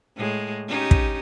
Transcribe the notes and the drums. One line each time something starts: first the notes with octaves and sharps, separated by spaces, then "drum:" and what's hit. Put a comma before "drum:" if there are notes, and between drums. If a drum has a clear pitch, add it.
A2 G#3
C#4 D#4 G4
drum: kick